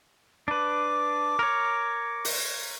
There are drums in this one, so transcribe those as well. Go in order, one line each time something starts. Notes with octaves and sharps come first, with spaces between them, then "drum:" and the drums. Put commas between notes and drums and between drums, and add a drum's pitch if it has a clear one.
D4 B4 D6
A#4 C#5
drum: open hi-hat